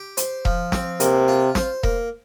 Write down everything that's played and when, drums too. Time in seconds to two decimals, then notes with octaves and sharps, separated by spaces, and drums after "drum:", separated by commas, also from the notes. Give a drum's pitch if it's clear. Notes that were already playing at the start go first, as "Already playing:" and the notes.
Already playing: G4
0.17 C5, drum: hi-hat
0.45 F3, drum: kick E1
0.72 C4, drum: snare
1.00 C3 A#3, drum: hi-hat
1.28 F4
1.55 C5, drum: snare
1.83 A#3, drum: kick E1